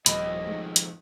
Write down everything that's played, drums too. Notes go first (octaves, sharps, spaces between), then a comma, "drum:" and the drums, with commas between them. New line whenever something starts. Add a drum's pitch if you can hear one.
D#1 F2 D#3 D#5 B5, drum: hi-hat
G#3 D#4
drum: hi-hat